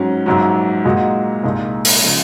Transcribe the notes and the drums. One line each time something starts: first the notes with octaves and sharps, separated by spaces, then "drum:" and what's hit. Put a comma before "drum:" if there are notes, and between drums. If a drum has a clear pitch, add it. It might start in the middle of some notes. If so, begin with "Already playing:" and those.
Already playing: G#2 F#3 C#4
A#1 G#2 F#3
A#2 G#3 D#4 F#4
C2 A#2 G#3 D#4
drum: open hi-hat
C#3 F3 G#3